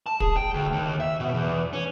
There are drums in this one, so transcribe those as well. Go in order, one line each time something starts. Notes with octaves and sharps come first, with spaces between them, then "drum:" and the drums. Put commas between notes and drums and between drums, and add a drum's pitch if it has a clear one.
A5
G#4, drum: kick
G5
D2
D#2
E5
B2
E2
C#4